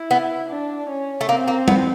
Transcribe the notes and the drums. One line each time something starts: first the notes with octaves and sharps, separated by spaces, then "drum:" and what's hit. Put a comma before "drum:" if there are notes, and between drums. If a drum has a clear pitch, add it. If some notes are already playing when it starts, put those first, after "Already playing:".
Already playing: E4
B3
D4
C#4
A3
A#3 C4
A#3
B3, drum: tom G3